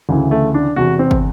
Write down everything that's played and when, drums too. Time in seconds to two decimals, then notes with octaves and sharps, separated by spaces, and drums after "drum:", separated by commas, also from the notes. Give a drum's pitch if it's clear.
0.09 D2 C#3 E3
0.31 A3
0.54 D4
0.76 E1 E2 C3 F#4
0.99 C4
1.11 drum: kick